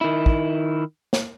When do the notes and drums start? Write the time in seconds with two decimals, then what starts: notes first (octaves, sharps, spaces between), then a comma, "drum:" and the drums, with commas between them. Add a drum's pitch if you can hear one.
0.01 D#3 E4
0.26 drum: kick
1.13 drum: snare